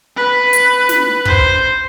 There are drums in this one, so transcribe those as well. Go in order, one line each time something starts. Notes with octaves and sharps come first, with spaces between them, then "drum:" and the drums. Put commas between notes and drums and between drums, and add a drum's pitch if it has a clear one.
B4
drum: hi-hat
drum: snare
C5, drum: kick